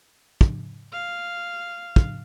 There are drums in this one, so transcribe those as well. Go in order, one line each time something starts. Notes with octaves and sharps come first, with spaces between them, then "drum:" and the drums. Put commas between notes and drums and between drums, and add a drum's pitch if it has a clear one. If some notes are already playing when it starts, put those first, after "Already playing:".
drum: kick
F5
drum: kick